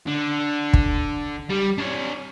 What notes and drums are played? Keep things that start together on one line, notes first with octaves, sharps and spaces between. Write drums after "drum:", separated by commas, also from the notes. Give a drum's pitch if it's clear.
D3
drum: kick
G3
D4 C#5